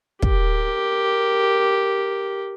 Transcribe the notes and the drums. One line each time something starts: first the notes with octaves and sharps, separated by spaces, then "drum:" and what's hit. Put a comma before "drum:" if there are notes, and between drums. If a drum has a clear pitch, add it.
G4 A#4, drum: kick